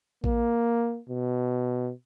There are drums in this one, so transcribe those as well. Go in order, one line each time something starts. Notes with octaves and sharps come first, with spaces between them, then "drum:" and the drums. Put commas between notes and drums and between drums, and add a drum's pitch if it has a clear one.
A#3, drum: kick A#1
B2